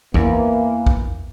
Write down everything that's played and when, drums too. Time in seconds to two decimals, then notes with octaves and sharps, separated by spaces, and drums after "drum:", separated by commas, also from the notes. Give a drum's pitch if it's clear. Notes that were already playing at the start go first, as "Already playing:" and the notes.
0.14 E2 E3 A#3, drum: kick
0.86 drum: kick